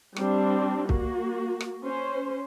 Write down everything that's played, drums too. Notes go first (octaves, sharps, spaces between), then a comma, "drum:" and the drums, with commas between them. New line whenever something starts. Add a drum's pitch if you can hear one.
G3 C4 D4, drum: rim click
A#3 F#4, drum: kick C2
drum: rim click
C#4 C5